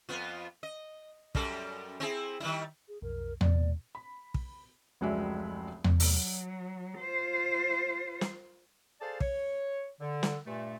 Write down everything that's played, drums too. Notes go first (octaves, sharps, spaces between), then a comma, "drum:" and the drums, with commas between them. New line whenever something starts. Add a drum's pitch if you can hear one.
F2 B3 F4
D#5
F#2 G3 A4, drum: kick
C4 E4 G#4
D#3 G3 E4
G#4
B1 F2 A#4
A#2 D5, drum: tom E2
B5
drum: kick
F1 C#2 F#3 G#3 D5 E5
drum: tom E2
F#3, drum: open hi-hat
F4 C5
drum: snare
G#4 A4 C5 D5 F5 A5
C#5, drum: kick
D3
drum: snare
G2 A#2 A3